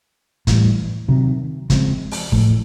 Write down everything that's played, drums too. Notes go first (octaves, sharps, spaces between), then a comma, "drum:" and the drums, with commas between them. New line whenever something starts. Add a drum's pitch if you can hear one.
A2 E3 G3, drum: kick, hi-hat
C3 D#3 F#3
C#3 F3 G#3 C4, drum: kick, hi-hat
drum: open hi-hat
A2 F3 A3, drum: kick